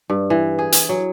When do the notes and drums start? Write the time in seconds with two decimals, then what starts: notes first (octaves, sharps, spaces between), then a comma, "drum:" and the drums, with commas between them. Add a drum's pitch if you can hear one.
0.10 G2
0.30 E3
0.59 G#4
0.72 drum: hi-hat
0.89 F#3